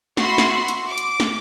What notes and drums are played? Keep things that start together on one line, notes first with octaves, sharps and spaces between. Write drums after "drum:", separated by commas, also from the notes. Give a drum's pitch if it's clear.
F#4 E5 B5 C6, drum: snare
drum: snare
drum: hi-hat
D6
drum: hi-hat
drum: snare